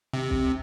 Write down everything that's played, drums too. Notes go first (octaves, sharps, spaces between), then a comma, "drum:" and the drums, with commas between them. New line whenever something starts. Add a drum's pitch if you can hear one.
C3
drum: kick